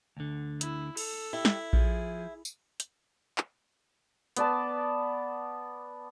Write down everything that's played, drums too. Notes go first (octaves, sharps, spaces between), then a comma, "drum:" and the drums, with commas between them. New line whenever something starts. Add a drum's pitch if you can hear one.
D2 D3
E4, drum: hi-hat
A4, drum: cymbal
E4 G4
drum: snare
F3 G#4, drum: kick A#1
drum: tambourine
drum: hi-hat
drum: clap
B3 D5 A5, drum: hi-hat